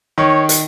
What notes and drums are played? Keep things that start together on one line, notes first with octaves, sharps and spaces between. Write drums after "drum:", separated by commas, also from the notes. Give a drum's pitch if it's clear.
D#3 C#5
drum: hi-hat